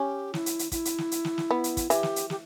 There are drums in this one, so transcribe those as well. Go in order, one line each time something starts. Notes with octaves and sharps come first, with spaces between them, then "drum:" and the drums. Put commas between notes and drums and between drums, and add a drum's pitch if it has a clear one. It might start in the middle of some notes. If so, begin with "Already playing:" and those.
Already playing: C#4 G4
E4, drum: snare
drum: hi-hat
drum: hi-hat
E4, drum: kick, hi-hat
drum: hi-hat
drum: snare
drum: hi-hat
drum: snare
drum: snare
B3
drum: hi-hat
drum: kick, hi-hat
E3 G4, drum: hi-hat
drum: snare
drum: hi-hat
G4, drum: snare